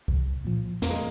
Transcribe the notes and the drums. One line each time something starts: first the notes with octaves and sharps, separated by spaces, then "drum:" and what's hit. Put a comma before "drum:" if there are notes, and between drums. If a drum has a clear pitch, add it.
C2, drum: kick C2
A#2 F3
F2 A#3, drum: snare
G#3